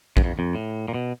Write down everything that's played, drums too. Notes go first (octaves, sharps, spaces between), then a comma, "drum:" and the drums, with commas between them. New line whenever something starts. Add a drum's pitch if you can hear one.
F#2, drum: kick
F2
F2
A2
A#2
B2